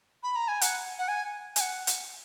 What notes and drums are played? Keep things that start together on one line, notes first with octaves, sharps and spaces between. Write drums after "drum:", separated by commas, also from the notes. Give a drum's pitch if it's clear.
B5
A#5
G#5
F#5, drum: hi-hat
F#5
G#5
G#5, drum: hi-hat
F#5
drum: hi-hat